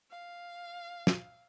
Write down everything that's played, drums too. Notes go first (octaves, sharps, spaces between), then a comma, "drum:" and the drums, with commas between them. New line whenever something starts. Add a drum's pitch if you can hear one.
F5
drum: snare